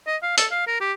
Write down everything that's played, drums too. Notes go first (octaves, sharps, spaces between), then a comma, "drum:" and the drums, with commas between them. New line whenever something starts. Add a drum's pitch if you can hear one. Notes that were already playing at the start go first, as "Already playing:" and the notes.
D#5
F5
A4, drum: hi-hat
F5
A#4
G4